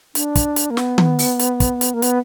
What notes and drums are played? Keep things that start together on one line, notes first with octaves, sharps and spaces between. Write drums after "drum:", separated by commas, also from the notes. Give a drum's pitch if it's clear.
D4, drum: hi-hat
drum: kick, hi-hat
drum: hi-hat
A#3
B3, drum: snare
drum: tom D#3
drum: open hi-hat
drum: hi-hat
drum: kick, hi-hat
drum: hi-hat
A#3
B3, drum: hi-hat